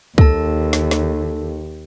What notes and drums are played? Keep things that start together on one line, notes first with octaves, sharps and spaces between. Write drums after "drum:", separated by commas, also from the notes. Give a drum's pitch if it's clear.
D#2 A4 A5, drum: kick
drum: snare
drum: snare